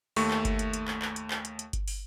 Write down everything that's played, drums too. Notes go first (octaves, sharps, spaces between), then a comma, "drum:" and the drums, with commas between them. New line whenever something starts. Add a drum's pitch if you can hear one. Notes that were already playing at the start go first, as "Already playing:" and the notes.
D#2 A3 C#6, drum: open hi-hat
drum: clap
drum: kick G1, hi-hat
drum: hi-hat
drum: hi-hat
drum: clap
drum: clap
drum: hi-hat
drum: clap
drum: hi-hat
drum: hi-hat
drum: kick G1, hi-hat
drum: open hi-hat